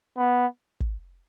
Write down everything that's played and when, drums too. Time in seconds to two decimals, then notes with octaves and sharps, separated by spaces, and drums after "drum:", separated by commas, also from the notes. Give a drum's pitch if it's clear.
0.17 B3
0.80 drum: kick